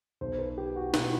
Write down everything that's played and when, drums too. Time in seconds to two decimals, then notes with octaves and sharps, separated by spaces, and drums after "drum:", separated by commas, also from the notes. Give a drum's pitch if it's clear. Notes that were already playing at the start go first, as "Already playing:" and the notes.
0.21 B1 B2 C5
0.39 B4
0.58 G4
0.76 F#4
0.94 B1 B2 E4, drum: snare